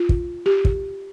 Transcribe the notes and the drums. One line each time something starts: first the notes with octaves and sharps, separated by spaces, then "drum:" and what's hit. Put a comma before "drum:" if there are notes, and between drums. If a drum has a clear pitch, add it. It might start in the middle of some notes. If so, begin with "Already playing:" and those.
Already playing: F4
drum: kick
G4
drum: kick